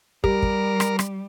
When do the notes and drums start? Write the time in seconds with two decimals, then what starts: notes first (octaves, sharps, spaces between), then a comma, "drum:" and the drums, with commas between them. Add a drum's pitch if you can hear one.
0.24 G3 G4 A#4, drum: kick
0.42 drum: kick
0.80 drum: rim click
0.99 drum: rim click